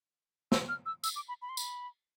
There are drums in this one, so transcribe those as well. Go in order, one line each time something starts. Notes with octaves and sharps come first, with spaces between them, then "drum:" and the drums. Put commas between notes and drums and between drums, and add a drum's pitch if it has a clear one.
E6, drum: snare
F6
E6
E6, drum: tambourine
D6
B5
B5
C6
B5, drum: tambourine